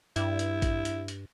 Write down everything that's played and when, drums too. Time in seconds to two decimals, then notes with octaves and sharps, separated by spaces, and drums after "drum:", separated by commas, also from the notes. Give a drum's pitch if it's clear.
0.16 G2 E4, drum: hi-hat
0.39 drum: hi-hat
0.62 drum: kick A1, hi-hat
0.85 drum: hi-hat
1.08 drum: hi-hat